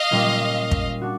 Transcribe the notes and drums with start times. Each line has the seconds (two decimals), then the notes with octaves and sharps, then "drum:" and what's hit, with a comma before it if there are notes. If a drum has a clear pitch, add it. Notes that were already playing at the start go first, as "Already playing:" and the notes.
Already playing: D#5 F5
0.11 A#2 G3 A#3 C#4 F4
0.71 drum: kick
1.01 D4 F#4